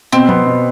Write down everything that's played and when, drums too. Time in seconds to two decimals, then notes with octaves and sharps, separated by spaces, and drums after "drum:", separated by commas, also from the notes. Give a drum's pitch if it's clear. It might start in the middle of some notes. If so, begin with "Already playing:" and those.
0.12 B2 C4
0.29 B3, drum: tom
0.47 B2